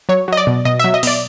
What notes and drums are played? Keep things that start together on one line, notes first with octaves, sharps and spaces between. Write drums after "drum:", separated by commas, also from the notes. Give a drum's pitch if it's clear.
F#3 C#5
F#3 D#5
D5
B2
B2 D#5
F#3 E5
D#5
B2 D5, drum: open hi-hat